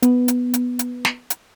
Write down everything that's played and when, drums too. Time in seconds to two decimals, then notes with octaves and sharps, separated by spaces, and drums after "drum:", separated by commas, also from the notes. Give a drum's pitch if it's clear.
0.03 B3, drum: hi-hat
0.28 drum: hi-hat
0.54 drum: hi-hat
0.79 drum: hi-hat
1.05 drum: snare
1.30 drum: hi-hat